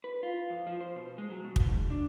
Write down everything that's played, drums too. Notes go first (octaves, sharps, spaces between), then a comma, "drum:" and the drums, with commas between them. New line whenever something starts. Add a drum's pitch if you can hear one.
B4
F4
F2
F3
C5
B2
G#3
F#3
B2
drum: kick
G#2
D4